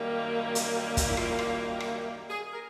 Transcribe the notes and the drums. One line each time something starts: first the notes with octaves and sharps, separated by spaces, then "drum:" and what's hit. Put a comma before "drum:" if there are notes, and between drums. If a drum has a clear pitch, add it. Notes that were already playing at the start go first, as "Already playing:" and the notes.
Already playing: F#2 D#3 G3 A#3
drum: hi-hat
drum: kick, hi-hat
E4
F4, drum: rim click
drum: rim click
drum: rim click
G4
G#4
A#4